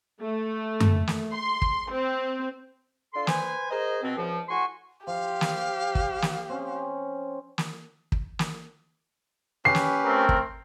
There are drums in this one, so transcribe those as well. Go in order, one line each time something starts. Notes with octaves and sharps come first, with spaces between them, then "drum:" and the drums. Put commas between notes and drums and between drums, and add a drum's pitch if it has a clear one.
A3
drum: tom F#2
drum: snare
C6
drum: kick
C4
D4 F4 A4 C6
B4 C5 G#5, drum: snare
G#4 A#4 C5 D#5
B2 C4
C#2 F3
A2 F#4 G#5 C6 C#6
F3 G4 F5
drum: snare
drum: kick
drum: snare
C4 C#4
drum: snare
drum: kick
drum: snare
C#4 G4 B4 C7
drum: snare
A3 C4 A#4
drum: kick